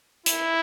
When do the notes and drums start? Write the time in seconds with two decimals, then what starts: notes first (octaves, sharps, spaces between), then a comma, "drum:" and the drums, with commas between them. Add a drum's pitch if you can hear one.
0.26 E4, drum: hi-hat